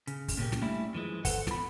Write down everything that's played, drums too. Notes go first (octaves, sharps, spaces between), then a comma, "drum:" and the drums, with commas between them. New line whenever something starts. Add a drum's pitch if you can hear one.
C#3, drum: hi-hat
drum: kick, open hi-hat
A#2 C#3 A#3 C#4 G4
drum: snare
G3 A3 A#3 C#4 D4 E4
F#2 E3 F3 G#3
A4 B4 C5 F#5, drum: kick, open hi-hat
E2 B5, drum: snare